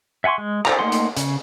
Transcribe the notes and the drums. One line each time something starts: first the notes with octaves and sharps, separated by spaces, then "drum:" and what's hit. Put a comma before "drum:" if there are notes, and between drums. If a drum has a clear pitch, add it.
E5 F#5 G#5 C6 C#6
G#3
A4 C5 E5 A#5, drum: clap
A3 A#3 D#4 F#5 C6
drum: hi-hat
C#3, drum: hi-hat